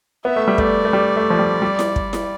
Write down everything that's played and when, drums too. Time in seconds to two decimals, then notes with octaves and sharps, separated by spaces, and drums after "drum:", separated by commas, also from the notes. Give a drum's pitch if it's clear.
0.25 B3 E5
0.36 A3
0.48 G3
0.58 A3 D5, drum: kick
0.85 A3
0.93 G3
1.16 A3
1.30 F3
1.39 G3
1.62 G3
1.79 drum: snare E4
1.96 drum: kick
2.13 drum: snare E4